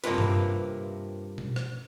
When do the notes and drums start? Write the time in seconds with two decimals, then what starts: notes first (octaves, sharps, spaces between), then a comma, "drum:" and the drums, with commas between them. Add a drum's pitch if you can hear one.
0.04 G2 C3 A#3 F4 B4, drum: hi-hat
0.18 drum: tom G2
1.38 drum: tom B2
1.56 drum: rim click